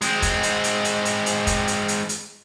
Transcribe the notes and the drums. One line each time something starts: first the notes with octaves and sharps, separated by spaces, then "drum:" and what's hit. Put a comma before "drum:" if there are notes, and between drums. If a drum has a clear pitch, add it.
G#3 C4, drum: hi-hat
drum: kick, hi-hat
drum: hi-hat
drum: hi-hat
drum: hi-hat
drum: hi-hat
drum: hi-hat
drum: kick, hi-hat
drum: hi-hat
drum: hi-hat
drum: hi-hat